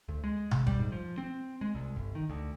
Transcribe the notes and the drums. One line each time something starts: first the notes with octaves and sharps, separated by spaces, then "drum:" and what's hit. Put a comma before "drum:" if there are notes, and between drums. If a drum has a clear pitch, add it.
D2
G#3
G#1, drum: tom B2
G3, drum: kick
G#2
F3
C4
G#3
C2
G1
D#3
D2